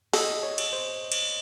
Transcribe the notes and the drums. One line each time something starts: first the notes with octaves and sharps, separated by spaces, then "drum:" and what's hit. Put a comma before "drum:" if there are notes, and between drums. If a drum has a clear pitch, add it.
A4 D#5, drum: open hi-hat
C#5
drum: cymbal
C5
drum: cymbal